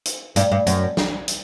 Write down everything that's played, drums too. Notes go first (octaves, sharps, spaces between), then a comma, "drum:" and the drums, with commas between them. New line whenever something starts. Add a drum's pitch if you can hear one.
drum: hi-hat
G2, drum: hi-hat
G2
F#2, drum: hi-hat
drum: snare
drum: hi-hat